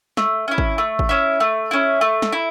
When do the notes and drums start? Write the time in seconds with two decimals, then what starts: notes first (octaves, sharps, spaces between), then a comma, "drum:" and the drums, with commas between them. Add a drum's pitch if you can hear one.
0.17 A3, drum: snare
0.48 C#4 E4
0.58 drum: kick G#1
0.78 A3
0.99 drum: kick G#1
1.09 C#4 E4
1.40 A3
1.71 C#4 E4
2.01 A3
2.22 drum: snare
2.32 E4